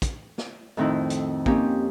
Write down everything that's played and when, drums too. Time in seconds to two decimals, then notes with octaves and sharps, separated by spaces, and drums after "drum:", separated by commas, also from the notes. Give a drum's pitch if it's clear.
0.02 drum: kick, hi-hat
0.38 drum: snare
0.77 F2 A2 D#3 C4 D#4 E4
1.10 drum: hi-hat
1.46 A#3 C4 C#4 D#4 G4, drum: kick